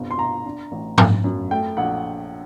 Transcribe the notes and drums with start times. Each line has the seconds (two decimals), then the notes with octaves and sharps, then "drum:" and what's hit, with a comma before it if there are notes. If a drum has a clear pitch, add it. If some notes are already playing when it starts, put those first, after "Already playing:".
Already playing: G1 C3
0.11 C6
0.18 G1 A#5
0.46 D4
0.72 A1
0.98 G1, drum: tom G#2
1.24 F#2
1.51 A3 G5
1.77 A#1 F#5